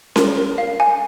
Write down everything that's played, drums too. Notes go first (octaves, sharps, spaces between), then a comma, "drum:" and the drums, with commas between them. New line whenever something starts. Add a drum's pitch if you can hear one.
A#4, drum: snare C#4
A#4
F5
F5 G#5